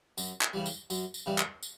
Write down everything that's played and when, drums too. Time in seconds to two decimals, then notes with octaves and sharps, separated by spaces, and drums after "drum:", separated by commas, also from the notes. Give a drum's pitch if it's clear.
0.18 F#2, drum: tambourine
0.41 drum: clap
0.53 C#3 E3 G3
0.66 drum: tambourine
0.90 F#2, drum: tambourine
1.14 drum: tambourine
1.26 C#3 E3 G3
1.38 drum: clap
1.63 drum: tambourine